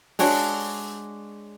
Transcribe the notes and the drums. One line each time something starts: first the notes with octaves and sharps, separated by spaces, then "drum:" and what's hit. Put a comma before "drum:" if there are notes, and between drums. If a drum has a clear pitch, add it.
G#3 D4 F#4 C#5, drum: open hi-hat